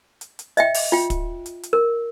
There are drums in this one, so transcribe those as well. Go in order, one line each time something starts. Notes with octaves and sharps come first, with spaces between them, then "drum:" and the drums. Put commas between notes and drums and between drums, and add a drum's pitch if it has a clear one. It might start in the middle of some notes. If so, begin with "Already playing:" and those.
drum: hi-hat
drum: hi-hat
D#5 E5 G5, drum: hi-hat
drum: open hi-hat
F4 G5
drum: kick, hi-hat
drum: hi-hat
drum: hi-hat
A#4